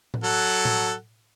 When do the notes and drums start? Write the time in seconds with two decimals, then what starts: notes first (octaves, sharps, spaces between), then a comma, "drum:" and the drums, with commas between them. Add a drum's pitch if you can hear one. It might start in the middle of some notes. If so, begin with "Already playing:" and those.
0.14 drum: tom A2
0.23 F#3 A4 F#5
0.65 drum: tom A2